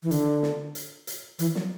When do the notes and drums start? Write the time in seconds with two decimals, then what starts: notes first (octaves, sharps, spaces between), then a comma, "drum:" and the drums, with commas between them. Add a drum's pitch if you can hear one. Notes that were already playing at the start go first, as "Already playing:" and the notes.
0.03 E3
0.11 D3, drum: hi-hat
0.43 drum: snare
0.75 drum: hi-hat
1.07 drum: hi-hat
1.39 E3, drum: hi-hat
1.55 F#3, drum: snare